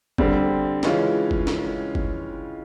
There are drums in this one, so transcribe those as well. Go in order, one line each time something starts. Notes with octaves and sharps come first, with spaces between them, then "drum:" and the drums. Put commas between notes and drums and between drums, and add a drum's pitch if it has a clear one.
D3 G3 C4, drum: kick F#1
C#3 E3 G#3 C#4 F4, drum: snare
drum: kick F#1
drum: snare
drum: kick F#1